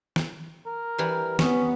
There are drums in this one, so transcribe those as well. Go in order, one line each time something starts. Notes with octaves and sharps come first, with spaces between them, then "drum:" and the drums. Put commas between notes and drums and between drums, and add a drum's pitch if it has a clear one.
drum: snare
A#4
E3 G3
B3 C#4, drum: snare